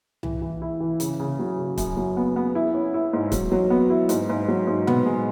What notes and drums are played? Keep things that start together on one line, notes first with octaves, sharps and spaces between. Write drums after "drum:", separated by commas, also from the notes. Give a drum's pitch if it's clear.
E3, drum: tom C2
E3
E4
E3
C#3, drum: hi-hat
C#3
F#3
C#3
F#2, drum: kick C#1, hi-hat
F#3
B3
B3
E4
C#4
E4
G#2
F#3, drum: kick C#1, hi-hat
F#3
B3
E4
G#2, drum: hi-hat
G#2
F#3
G#2
B3, drum: tom A#2
G#3